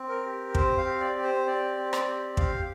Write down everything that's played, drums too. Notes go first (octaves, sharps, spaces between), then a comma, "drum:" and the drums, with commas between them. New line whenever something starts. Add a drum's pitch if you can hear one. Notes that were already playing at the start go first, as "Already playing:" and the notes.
Already playing: C4
A#4
G4
C4 C5, drum: kick
F5
G4
D5
G4
C5
C4 D5
C4
D5, drum: rim click
G4
G4 F5, drum: kick